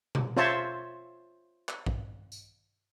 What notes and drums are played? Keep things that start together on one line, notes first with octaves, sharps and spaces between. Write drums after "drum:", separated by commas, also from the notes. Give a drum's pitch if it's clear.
drum: tom B2
F4 C5 C#5 E5 A5, drum: snare
drum: clap
drum: kick A#1
drum: tambourine